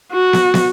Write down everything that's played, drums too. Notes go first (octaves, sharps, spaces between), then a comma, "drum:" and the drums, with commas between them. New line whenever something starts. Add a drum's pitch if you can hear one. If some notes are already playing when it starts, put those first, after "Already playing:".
F#4
drum: snare
drum: snare